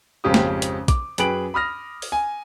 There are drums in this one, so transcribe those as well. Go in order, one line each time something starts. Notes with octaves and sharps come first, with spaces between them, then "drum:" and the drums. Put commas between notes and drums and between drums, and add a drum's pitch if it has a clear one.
G#1 F2 C#3 G4 D#6
drum: snare
drum: hi-hat
D6, drum: kick A#1, hi-hat
F#2 G#4 B4 G5 D7 F#7, drum: hi-hat
B5 D#6 F6 A#6
drum: open hi-hat
G#5